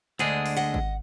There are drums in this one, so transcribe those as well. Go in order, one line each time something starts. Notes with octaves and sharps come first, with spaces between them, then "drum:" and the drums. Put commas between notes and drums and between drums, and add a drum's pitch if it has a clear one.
D2 D3 G#3 D4 G#4 D#5 F#5
drum: open hi-hat
D#5 F#5
drum: kick G#1